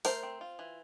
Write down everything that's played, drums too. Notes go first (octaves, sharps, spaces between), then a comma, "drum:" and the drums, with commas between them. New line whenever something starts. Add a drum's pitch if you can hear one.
A3 A#4 C5, drum: open hi-hat
C4
F4
E3